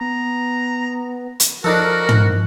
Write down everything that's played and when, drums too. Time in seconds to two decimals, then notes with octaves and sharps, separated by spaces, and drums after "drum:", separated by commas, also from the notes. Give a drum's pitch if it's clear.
0.01 B3 A#5
1.40 drum: hi-hat
1.64 F3 D4 D#4 F#4 A4 A#4
2.09 drum: tom